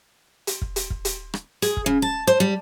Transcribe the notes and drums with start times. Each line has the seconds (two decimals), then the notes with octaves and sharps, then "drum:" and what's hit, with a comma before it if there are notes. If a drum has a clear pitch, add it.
0.47 drum: hi-hat
0.62 drum: kick
0.76 drum: hi-hat
0.90 drum: kick
1.05 drum: hi-hat
1.34 drum: rim click
1.62 G#4, drum: hi-hat
1.77 drum: kick
1.86 C#3
2.02 A5
2.27 C5
2.40 G3